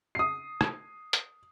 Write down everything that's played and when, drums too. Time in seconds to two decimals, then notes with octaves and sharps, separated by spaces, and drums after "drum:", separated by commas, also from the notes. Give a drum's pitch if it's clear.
0.15 D#6 C7
0.61 drum: rim click
1.13 drum: hi-hat